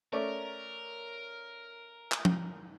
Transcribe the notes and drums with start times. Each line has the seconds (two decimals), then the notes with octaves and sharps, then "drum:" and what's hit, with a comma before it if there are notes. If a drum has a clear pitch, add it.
0.12 A3 C#4 A#4 D5
2.12 drum: clap
2.25 drum: tom F3